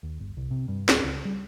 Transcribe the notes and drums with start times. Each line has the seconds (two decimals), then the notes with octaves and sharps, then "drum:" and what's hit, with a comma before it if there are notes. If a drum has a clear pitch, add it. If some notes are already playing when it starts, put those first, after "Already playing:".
0.03 D#2
0.20 G1
0.37 C2
0.51 C3
0.68 G2
0.89 D1, drum: snare
1.04 C#2
1.25 G3